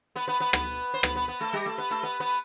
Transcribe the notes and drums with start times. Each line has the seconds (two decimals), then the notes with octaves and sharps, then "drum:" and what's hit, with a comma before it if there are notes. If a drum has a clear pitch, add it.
0.16 B3 B4
0.28 B3 B4
0.40 B3 B4
0.53 B3 B4, drum: rim click
0.94 C5
1.03 B3 B4, drum: rim click
1.15 B3 B4
1.28 B3 B4
1.40 A3 A4
1.53 G3 G4
1.66 A3 A4
1.78 B3 B4
1.91 A3 A4
2.03 B3 B4
2.20 B3 B4